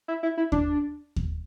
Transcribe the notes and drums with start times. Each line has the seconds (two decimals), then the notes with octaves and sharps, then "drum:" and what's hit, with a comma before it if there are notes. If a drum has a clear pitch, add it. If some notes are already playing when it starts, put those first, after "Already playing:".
0.08 E4
0.23 E4
0.37 E4
0.52 D4, drum: kick D#2
1.16 drum: kick D#2